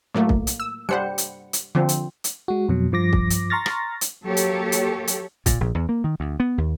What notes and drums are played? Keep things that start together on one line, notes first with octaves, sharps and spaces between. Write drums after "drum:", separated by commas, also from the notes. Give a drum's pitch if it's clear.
A2 F#3 A3 A#3
drum: kick
drum: hi-hat
E6
G3 C5 F#5 B5 C#7
drum: hi-hat
drum: hi-hat
D3 F3 C4
drum: hi-hat
drum: hi-hat
G#3 F#4
F2 B2 F#3
G2 F3 D6 A#6
drum: kick
drum: hi-hat
A#5 C6 C#6 F6 A6 A#6
drum: rim click
drum: hi-hat
F#3 A#3 G4 A4 C#5
drum: hi-hat
drum: hi-hat
drum: hi-hat
A#2, drum: kick, hi-hat
A#1
E2
A#3
D#3
D2
B3
D#2